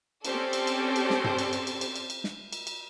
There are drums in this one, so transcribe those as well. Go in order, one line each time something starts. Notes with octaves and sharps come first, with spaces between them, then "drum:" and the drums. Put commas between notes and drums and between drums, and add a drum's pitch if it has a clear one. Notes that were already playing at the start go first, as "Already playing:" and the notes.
C4 C#4 G4 A4 C5 D5, drum: cymbal
drum: cymbal
drum: cymbal
drum: cymbal
drum: snare
drum: tom
drum: cymbal
drum: cymbal
drum: cymbal
drum: cymbal
drum: cymbal
drum: cymbal
drum: snare
drum: cymbal
drum: cymbal